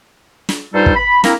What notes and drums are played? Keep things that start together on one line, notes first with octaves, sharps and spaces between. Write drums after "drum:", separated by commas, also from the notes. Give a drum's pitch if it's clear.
drum: snare
G2 G3 D#4 F4 A4 C5
drum: kick
B5
A#3 C4 E4 A#5, drum: snare